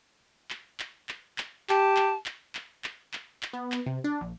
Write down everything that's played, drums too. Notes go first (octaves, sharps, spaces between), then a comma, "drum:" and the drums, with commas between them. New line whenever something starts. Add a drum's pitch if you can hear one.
drum: clap
drum: clap
drum: clap
drum: clap
G4 A5, drum: clap
drum: clap
drum: clap
drum: clap
drum: clap
drum: clap
drum: clap
B3
drum: clap
C3
D4
A#1